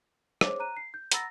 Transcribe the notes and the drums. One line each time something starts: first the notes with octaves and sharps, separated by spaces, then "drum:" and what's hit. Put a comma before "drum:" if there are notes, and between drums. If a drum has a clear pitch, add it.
G#4 C5 C#5 D6, drum: rim click
A#5 F#6 D#7
C7
G6
F#5 A#5 B5 E6 A6 A#6, drum: hi-hat